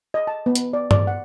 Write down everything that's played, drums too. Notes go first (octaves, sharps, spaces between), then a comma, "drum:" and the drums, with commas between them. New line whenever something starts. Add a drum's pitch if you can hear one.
D#5
A5
B3
drum: hi-hat
D5
D5, drum: tom G2
F#5